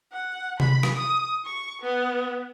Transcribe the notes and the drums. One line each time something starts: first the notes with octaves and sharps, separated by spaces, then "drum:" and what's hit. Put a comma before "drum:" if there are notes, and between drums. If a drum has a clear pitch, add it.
F#5
B5, drum: tom C3
drum: rim click
D#6
C#6
B3